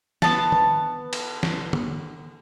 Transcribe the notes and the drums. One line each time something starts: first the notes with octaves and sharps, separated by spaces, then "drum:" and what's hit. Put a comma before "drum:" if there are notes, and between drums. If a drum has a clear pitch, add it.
B3 A5, drum: snare
drum: tom D#3
drum: cymbal
drum: snare
drum: tom